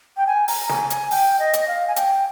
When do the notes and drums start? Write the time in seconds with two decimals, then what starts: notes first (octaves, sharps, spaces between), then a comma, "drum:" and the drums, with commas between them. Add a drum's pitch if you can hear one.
0.17 G5
0.27 G#5
0.48 A#5, drum: open hi-hat
0.69 G#5, drum: snare
0.90 G#5, drum: hi-hat
1.11 G5, drum: open hi-hat
1.39 D#5
1.53 drum: hi-hat
1.68 F5
1.88 G#5
1.96 G5, drum: hi-hat